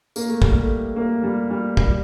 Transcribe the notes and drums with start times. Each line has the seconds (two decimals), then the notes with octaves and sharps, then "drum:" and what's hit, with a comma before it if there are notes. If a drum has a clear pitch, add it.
0.16 A#3, drum: tambourine
0.29 A3
0.42 G3, drum: kick
0.56 A3
0.96 A#3
1.23 G3
1.50 G3
1.77 G3, drum: kick